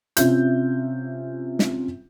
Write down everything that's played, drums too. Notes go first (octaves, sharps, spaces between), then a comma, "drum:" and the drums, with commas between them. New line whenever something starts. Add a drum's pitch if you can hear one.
C3 C#4 F4 E5 G6, drum: hi-hat
drum: snare